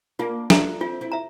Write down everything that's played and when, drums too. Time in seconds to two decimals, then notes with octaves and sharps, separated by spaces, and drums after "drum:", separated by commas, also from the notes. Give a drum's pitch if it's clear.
0.19 A#3 D4 F4
0.50 D4 F4 A4 E5 A#5, drum: snare
0.81 C4 E4 F4
1.01 C4 E4
1.12 E5 A#5